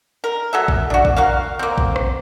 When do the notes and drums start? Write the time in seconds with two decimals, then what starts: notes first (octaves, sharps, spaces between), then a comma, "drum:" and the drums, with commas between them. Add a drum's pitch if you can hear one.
0.24 A#4
0.53 F#3 A4 E5
0.68 drum: kick A#1
0.90 D4 F#4
1.05 drum: kick A#1
1.16 F#4 A#4 F5
1.59 A#3 C4
1.78 drum: kick A#1
1.96 drum: rim click